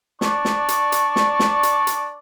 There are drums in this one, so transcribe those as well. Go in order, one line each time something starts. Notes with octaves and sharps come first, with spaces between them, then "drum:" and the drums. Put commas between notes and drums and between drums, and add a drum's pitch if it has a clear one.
D4 D5 A5 C#6, drum: snare
drum: snare
drum: hi-hat
drum: hi-hat
drum: snare
drum: snare
drum: hi-hat
drum: hi-hat